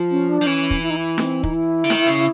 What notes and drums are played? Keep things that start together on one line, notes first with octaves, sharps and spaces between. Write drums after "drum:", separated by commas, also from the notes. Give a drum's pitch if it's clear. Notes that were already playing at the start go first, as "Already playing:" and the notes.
Already playing: F3
C#4
D4
F3
E3 C#4
drum: kick
E4
D#4
E4
C4, drum: snare
D#4, drum: kick
E4
D3
D#3, drum: snare
C#3